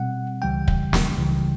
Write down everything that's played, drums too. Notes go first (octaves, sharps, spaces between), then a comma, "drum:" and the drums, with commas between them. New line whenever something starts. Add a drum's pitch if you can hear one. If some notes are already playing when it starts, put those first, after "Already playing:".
Already playing: B2 G3 C4 F#5
C#2 C#3 E3 G3 G5
drum: kick
drum: snare
C#2 C#3 E3 G3